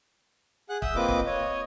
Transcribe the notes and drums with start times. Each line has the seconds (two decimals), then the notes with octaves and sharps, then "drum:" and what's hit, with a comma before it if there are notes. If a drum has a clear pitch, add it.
0.69 G#4 F#5 F#6
0.82 E5 D#6 E6 G6, drum: kick
0.96 A#3 C4 F4 B4 D#5 D6
1.08 drum: kick
1.26 C#5 D#5